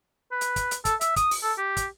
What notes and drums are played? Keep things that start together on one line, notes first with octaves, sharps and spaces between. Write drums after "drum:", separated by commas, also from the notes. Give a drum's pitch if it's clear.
B4
drum: hi-hat
drum: kick, hi-hat
drum: hi-hat
A4, drum: kick, hi-hat
E5, drum: hi-hat
D#6, drum: kick, hi-hat
drum: open hi-hat
A4
G4
drum: kick, hi-hat